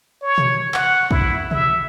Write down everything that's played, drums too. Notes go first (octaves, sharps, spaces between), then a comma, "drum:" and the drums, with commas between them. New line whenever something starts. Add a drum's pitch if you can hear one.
C#5
drum: tom A#2
F#5, drum: clap
E4, drum: kick
E5, drum: tom B2